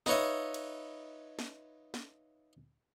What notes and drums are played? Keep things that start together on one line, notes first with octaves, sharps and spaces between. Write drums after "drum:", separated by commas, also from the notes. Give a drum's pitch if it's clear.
D#4 F4 B4 C#5 D#5 E5, drum: snare
drum: cymbal
drum: snare
drum: snare